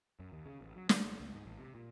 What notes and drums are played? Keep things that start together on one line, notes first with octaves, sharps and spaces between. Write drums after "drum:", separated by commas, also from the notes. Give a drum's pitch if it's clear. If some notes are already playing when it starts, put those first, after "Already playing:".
F#2
D#2
C#3
A1
F#3
D3, drum: snare
G1
C#2
G#2
A1
C3
A#2